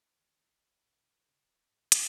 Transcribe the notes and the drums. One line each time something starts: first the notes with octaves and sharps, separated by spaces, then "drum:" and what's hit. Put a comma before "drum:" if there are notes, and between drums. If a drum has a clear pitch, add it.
D#3
A1
B2
C#3
D1
G#2
A1, drum: hi-hat